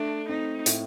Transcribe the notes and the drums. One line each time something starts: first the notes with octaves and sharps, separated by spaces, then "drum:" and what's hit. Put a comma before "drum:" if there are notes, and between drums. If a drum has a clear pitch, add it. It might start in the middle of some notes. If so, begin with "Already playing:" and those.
Already playing: A3 D4
C4 D#4
A2, drum: hi-hat